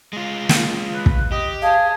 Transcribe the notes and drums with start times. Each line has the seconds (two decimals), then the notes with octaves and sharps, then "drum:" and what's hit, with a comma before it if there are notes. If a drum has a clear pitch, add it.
0.13 G#3 F4
0.49 drum: snare
0.94 B4
1.06 drum: kick
1.32 G4 D#5
1.63 G#4 F5 A5